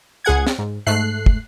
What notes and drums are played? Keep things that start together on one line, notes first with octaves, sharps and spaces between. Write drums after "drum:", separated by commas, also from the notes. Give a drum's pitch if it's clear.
C#2 G#4 F#5 G#6
drum: snare
G#2
G#2 A3 F#6 C7
drum: kick